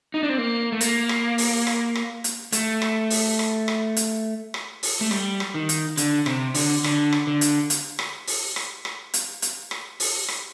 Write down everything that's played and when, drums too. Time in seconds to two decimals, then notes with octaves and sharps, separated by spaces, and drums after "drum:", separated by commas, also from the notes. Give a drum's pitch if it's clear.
0.14 D#4
0.23 D4
0.29 C4
0.38 A#3
0.72 A3
0.81 A#3, drum: hi-hat
1.09 drum: rim click
1.38 drum: open hi-hat
1.67 drum: rim click
1.95 drum: rim click
2.24 drum: hi-hat
2.52 A3, drum: hi-hat
2.82 drum: rim click
3.10 drum: open hi-hat
3.39 drum: rim click
3.68 drum: rim click
3.97 drum: hi-hat
4.54 drum: rim click
4.83 drum: open hi-hat
5.01 A3
5.11 G3, drum: rim click
5.40 drum: rim click
5.54 D#3
5.69 drum: hi-hat
5.97 D3, drum: hi-hat
6.26 C3, drum: rim click
6.54 D3, drum: open hi-hat
6.84 D3, drum: rim click
7.12 drum: rim click
7.27 D3
7.41 drum: hi-hat
7.70 drum: hi-hat
7.99 drum: rim click
8.27 drum: open hi-hat
8.56 drum: rim click
8.85 drum: rim click
9.14 drum: hi-hat
9.42 drum: hi-hat
9.71 drum: rim click
10.00 drum: open hi-hat
10.28 drum: rim click